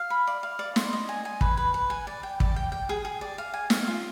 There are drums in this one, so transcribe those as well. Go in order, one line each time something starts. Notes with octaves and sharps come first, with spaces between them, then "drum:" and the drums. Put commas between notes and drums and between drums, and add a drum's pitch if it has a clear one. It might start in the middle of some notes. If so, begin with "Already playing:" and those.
Already playing: F5
B5
D5
F5
D5
C6, drum: snare
D#5
G#5
G#5
B4, drum: kick
B4
B4
G#5
D5
G5
D5, drum: kick
G5
G5
G#4
G#4
D5
F5
G#5
F5, drum: snare
F4